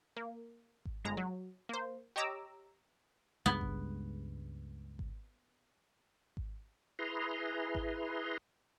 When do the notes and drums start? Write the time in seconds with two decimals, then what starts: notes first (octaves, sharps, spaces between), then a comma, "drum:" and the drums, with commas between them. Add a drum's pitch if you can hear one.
0.17 A#3
0.85 drum: kick G#1
1.04 G1 G#3 A#5
1.17 F#3
1.69 A#3 C5
2.16 G4 C#5 D#5 A#5 D6 E6
3.46 C#2 G2 G#3 B3
3.61 drum: kick G#1
4.99 drum: kick G#1
6.37 drum: kick G#1
6.99 E4 G#4 B4 A#5 C6
7.75 drum: kick G#1